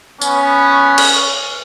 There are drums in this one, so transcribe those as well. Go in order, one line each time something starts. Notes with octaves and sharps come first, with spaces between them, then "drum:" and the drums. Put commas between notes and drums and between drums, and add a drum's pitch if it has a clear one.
B3 C#4, drum: tambourine
drum: cymbal